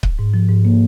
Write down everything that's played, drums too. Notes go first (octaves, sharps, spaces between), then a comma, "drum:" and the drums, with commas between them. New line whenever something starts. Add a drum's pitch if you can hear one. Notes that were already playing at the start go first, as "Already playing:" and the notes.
drum: kick C#1
G#2
F3
G#2
A#3